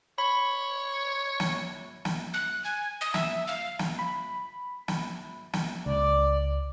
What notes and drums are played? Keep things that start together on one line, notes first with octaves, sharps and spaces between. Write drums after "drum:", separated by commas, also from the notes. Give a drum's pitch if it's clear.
C#5 B5
drum: snare
drum: snare
F#6
G#5
D#6
E5, drum: snare
F5
drum: snare
B5
drum: snare
drum: snare
C#2 D5